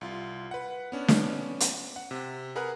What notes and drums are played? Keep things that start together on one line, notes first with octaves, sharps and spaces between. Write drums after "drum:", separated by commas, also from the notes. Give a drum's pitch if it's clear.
C2 F4
B4 F#5
B3 C#4 D4
drum: snare
drum: hi-hat
F#5
C3
G#4 A#4 B4 F#5 A#5 F#6